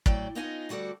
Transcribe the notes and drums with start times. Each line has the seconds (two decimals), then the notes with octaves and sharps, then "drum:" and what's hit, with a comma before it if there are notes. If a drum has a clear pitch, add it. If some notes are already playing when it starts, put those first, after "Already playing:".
0.06 A2 F#3 D5 G5, drum: kick
0.35 B3 C#4 D#4 F4 D#5 G#5
0.69 D2 G3 F#4 A4 D5